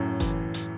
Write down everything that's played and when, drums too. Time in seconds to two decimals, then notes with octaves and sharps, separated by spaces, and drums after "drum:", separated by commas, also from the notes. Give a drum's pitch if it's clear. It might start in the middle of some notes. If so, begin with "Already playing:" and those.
Already playing: F#2 A2
0.20 E3, drum: kick F#1, hi-hat
0.54 drum: hi-hat